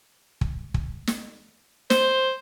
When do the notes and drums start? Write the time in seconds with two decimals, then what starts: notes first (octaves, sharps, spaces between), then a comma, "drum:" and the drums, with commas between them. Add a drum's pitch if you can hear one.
0.41 drum: kick
0.74 drum: kick
1.07 drum: snare
1.90 C5, drum: snare